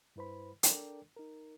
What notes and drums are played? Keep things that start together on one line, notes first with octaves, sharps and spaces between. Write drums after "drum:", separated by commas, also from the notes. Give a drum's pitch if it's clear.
G2 E4 B4 C5 B5
D4 A4 A#4 D5 G5, drum: hi-hat
D#4 A#4